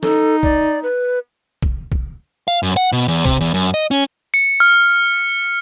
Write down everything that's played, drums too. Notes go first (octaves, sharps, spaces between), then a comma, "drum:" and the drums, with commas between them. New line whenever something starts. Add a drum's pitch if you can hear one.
D#4 A4, drum: snare
D5, drum: kick
B4
drum: kick
drum: kick
F5
F#2
F#5
B2
E2
C3, drum: kick
E2
F#2
D#5
C#4
C#7
F6